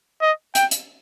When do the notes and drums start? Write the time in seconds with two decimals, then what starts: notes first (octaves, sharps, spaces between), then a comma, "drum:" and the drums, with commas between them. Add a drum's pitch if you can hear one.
0.22 D#5
0.55 G5, drum: hi-hat
0.71 drum: hi-hat